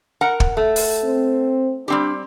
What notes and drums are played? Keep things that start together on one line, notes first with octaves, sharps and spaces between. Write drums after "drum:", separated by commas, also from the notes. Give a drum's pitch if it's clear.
A#4 F#5 A#5
drum: kick
A3
drum: open hi-hat
C4
G3 C4 D4 G4